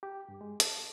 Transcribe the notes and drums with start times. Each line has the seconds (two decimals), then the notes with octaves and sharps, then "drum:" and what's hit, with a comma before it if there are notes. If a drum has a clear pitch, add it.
0.03 G4
0.29 G2
0.41 G#3
0.60 A4, drum: hi-hat